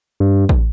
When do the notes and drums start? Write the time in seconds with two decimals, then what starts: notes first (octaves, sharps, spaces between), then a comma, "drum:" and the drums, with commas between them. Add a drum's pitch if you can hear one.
0.20 G2
0.49 drum: kick A1